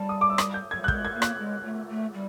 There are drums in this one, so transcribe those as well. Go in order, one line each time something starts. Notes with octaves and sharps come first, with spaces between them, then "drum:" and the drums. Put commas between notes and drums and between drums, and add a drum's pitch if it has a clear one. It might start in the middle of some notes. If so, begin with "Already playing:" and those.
Already playing: G3 A5
D#6
D6
E6
D#6, drum: rim click
G6
F#3 G#6
G3
F#6
G#3 G6, drum: kick
G#6
A#3
F#6, drum: rim click
G#3
A3
A3
G3